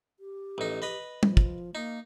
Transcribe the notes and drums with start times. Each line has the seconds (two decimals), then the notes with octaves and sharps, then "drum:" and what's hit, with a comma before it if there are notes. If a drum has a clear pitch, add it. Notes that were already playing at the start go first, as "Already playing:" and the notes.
0.20 G4
0.58 A1 D#4
0.82 B4 D#5 B5
1.23 F3, drum: tom
1.37 drum: kick
1.75 A#3 D#4